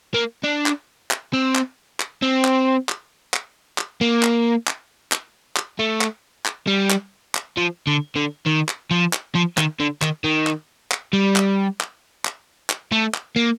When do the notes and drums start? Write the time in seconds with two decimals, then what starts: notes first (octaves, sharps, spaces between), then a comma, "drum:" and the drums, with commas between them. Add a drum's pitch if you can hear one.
0.14 A#3
0.44 D4
0.66 drum: clap
1.11 drum: clap
1.33 C4
1.55 drum: clap
2.00 drum: clap
2.22 C4
2.44 drum: clap
2.89 drum: clap
3.34 drum: clap
3.78 drum: clap
4.01 A#3
4.23 drum: clap
4.67 drum: clap
5.12 drum: clap
5.56 drum: clap
5.79 A3
6.01 drum: clap
6.46 drum: clap
6.68 G3
6.90 drum: clap
7.35 drum: clap
7.57 F3
7.87 D3
8.16 D3
8.46 D#3
8.68 drum: clap
8.91 F3
9.13 drum: clap
9.35 F3
9.58 D#3, drum: clap
9.80 D3
10.02 D#3, drum: clap
10.24 D#3
10.47 drum: clap
10.91 drum: clap
11.13 G3
11.36 drum: clap
11.80 drum: clap
12.25 drum: clap
12.70 drum: clap
12.92 A3
13.14 drum: clap
13.36 A#3